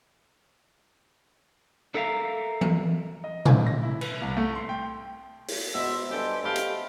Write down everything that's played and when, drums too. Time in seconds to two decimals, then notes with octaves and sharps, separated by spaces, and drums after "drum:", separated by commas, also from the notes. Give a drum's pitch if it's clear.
1.94 D4 A4 A#4 E5 F5 A#5
2.61 drum: tom E3
3.24 D#5
3.45 A2, drum: tom A#2
3.67 A#6
3.83 E4
4.01 B4, drum: cymbal
4.21 C2
4.37 A3
4.55 C6
4.69 G5
5.48 drum: open hi-hat
5.74 B2 C5 E5
6.10 G2 G4 A4 D#5 G#5 C6
6.44 A3 G4 B4 D#5 F5 A5
6.56 drum: hi-hat